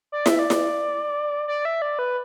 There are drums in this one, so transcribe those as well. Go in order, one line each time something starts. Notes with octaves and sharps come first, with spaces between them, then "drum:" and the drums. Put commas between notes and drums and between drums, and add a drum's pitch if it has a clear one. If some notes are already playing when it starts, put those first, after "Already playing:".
D5
E5, drum: snare E4
D5
drum: snare E4
D5
E5
D5
B4